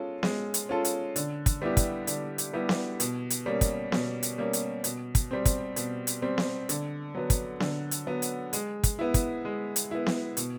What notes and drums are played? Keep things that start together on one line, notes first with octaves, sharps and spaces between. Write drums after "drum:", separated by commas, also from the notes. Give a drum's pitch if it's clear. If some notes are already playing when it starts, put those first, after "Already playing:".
Already playing: G#3 C#4 F4 A4
G#3, drum: snare B3
drum: hi-hat
C#4 F4 A4
drum: hi-hat
D3, drum: hi-hat
drum: kick, hi-hat
G3 B3 E4 G4
drum: kick, hi-hat
D3, drum: hi-hat
drum: hi-hat
G3 B3 E4 G4
drum: snare B3
B2, drum: hi-hat
drum: hi-hat
G3 A#3 C#4
drum: kick, hi-hat
B2, drum: snare B3
drum: hi-hat
G3 A#3 C#4
drum: hi-hat
B2, drum: hi-hat
drum: kick, hi-hat
G3 C4
drum: kick, hi-hat
B2, drum: hi-hat
drum: hi-hat
G3 C4
drum: snare B3
D3, drum: hi-hat
F#3 B3
drum: kick, hi-hat
D3, drum: snare B3
drum: hi-hat
F#3 B3
drum: hi-hat
G#3, drum: hi-hat
drum: kick, hi-hat
B3 E4
drum: kick, hi-hat
G#3
drum: hi-hat
B3 E4
drum: snare B3
B2, drum: hi-hat